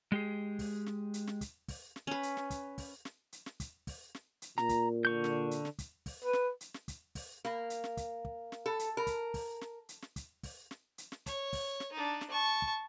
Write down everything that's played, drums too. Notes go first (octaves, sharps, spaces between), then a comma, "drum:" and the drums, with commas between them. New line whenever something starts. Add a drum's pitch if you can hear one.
G#3 G4 G#4
drum: kick, open hi-hat
drum: snare
drum: hi-hat
drum: snare
drum: kick, hi-hat
drum: kick, open hi-hat
drum: snare
C#4 B4
drum: hi-hat
drum: snare
drum: kick, hi-hat
drum: kick, open hi-hat
drum: snare
drum: hi-hat
drum: snare
drum: kick, hi-hat
drum: kick, open hi-hat
drum: snare
drum: hi-hat
A#2 A#5, drum: snare
drum: kick, hi-hat
D3 C#6 G6
drum: snare
drum: hi-hat
drum: snare
drum: kick, hi-hat
drum: kick, open hi-hat
B4
drum: snare
drum: hi-hat
drum: snare
drum: kick, hi-hat
drum: kick, open hi-hat
A#3, drum: snare
drum: hi-hat
drum: snare
drum: kick, hi-hat
drum: kick
drum: snare
A4
drum: hi-hat
A#4
drum: kick, hi-hat
drum: kick, open hi-hat
drum: snare
drum: hi-hat
drum: snare
drum: kick, hi-hat
drum: kick, open hi-hat
drum: snare
drum: hi-hat
drum: snare
C#5, drum: kick, hi-hat
drum: kick, open hi-hat
drum: snare
D4 D#4
drum: snare
A5 C#6
drum: kick